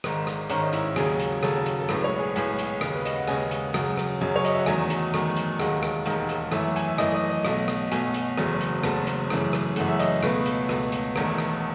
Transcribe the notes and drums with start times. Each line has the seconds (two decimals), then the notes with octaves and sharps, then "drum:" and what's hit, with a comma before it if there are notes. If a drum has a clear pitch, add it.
0.04 G#1 G#2 D#3, drum: rim click
0.27 drum: rim click
0.50 G#1 G#2 D#3 C#4, drum: hi-hat
0.62 D#4
0.73 E4, drum: hi-hat
0.96 D#2 C#3 F#3 G#4, drum: rim click
1.20 drum: hi-hat
1.43 D#2 C#3 F#3 A4, drum: rim click
1.66 drum: hi-hat
1.80 A4
1.89 B1 A2 G#3 B4, drum: rim click
2.04 C#5
2.19 G#4
2.36 B1 A2 G#3 G#4, drum: hi-hat
2.59 drum: hi-hat
2.81 D#2 C#3 G#3, drum: rim click
2.94 B4
3.05 D#5, drum: hi-hat
3.16 F#5
3.28 D#2 C#3 G#3 G#5, drum: rim click
3.51 drum: hi-hat
3.74 F#2 C#3 F#3 F#5, drum: rim click
3.97 drum: rim click
4.21 F#2 C#3 F#3
4.36 C#5
4.44 D#5, drum: hi-hat
4.52 E5
4.59 F#5
4.66 E2 D#3 F#3 A3 G#5, drum: rim click
4.90 drum: hi-hat
5.14 E2 D#3 F#3 A3, drum: rim click
5.36 drum: hi-hat
5.60 E1 D#2 D#3 G#3 F#5, drum: rim click
5.83 drum: rim click
6.06 E1 D#2 D#3 G#3, drum: hi-hat
6.29 drum: hi-hat
6.52 F#2 E3 A3 E5, drum: rim click
6.76 G#5, drum: hi-hat
6.88 E5
6.98 F#2 E3 A3 D#5, drum: rim click
7.15 D#5
7.30 D#5
7.45 B1 B2 A3 D#5, drum: rim click
7.68 drum: rim click
7.92 B1 B2 A3 G#5, drum: hi-hat
8.14 drum: hi-hat
8.37 F#1 E2 C#3 F#3 A3, drum: rim click
8.61 drum: hi-hat
8.84 F#1 E2 C#3 F#3 A3 A5, drum: rim click
9.07 drum: hi-hat
9.30 F#2 C#3 E3 A3, drum: rim click
9.53 drum: rim click
9.76 F#2 C#3 E3 A3 F#5, drum: hi-hat
9.88 E5
9.99 D#5, drum: hi-hat
10.23 C#2 B2 A3 B4, drum: rim click
10.46 drum: hi-hat
10.69 C#2 B2 A3, drum: rim click
10.92 drum: hi-hat
11.16 E1 E2 D#3 A3, drum: rim click
11.38 drum: rim click